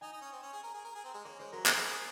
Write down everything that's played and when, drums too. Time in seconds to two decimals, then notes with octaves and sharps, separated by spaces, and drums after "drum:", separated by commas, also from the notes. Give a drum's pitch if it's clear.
0.01 D#4 G#5
0.13 D#4
0.22 C#4
0.32 C4
0.42 C#4
0.53 G#4
0.63 A#4
0.74 G#4
0.84 A#4
0.95 G#4
1.04 C4
1.14 G#3
1.24 A#3 C#5
1.39 G#3 C5
1.52 F#3 A#4
1.66 G#3 G#4, drum: clap
1.76 G#3
1.86 A#3